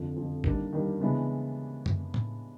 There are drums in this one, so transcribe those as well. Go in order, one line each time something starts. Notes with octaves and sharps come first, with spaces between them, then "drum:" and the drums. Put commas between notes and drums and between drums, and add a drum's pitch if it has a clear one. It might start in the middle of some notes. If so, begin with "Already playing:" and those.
Already playing: F2 D3 F3
F2 D3 F3
D#3 G3 A#3 D4, drum: kick G1
D#3 G3 A#3 D4
C#3 E3 G#3 B3 D4
drum: tom
drum: tom A2